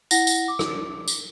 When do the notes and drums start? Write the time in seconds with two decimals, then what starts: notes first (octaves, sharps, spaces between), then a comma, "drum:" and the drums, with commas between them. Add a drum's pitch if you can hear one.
0.11 E4 F#5 A#6, drum: tambourine
0.27 drum: tambourine
0.48 D6
0.59 drum: rim click
1.08 drum: tambourine